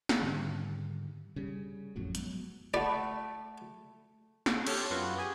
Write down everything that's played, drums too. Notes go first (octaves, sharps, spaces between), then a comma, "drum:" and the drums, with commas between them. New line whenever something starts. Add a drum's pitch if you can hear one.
drum: snare
G#2 D3 D#3 G3
C#3 G3
G#1 F2 A2 F#3
F#3 G#3 B3, drum: hi-hat
A3 D5 F#5 A5 B5
drum: snare
G4 A4 C#5 A5 C6 F6, drum: cymbal
F#2 B3 F4 F#4
G4 G#4 G#5